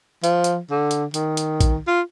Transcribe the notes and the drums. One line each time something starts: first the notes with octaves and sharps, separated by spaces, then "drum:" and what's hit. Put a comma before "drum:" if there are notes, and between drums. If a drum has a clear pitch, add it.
F3, drum: hi-hat
drum: hi-hat
D3
drum: hi-hat
D#3, drum: hi-hat
drum: hi-hat
drum: kick, hi-hat
F4